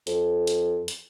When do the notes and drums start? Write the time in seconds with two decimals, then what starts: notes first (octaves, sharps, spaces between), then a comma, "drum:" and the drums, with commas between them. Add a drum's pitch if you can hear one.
0.07 F2, drum: hi-hat
0.47 drum: hi-hat
0.88 drum: hi-hat